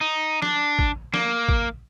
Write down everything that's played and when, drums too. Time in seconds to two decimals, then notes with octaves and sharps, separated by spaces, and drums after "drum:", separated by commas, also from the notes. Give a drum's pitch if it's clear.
0.01 D#4
0.42 D4, drum: snare
0.79 drum: kick
1.14 A#3, drum: snare
1.49 drum: kick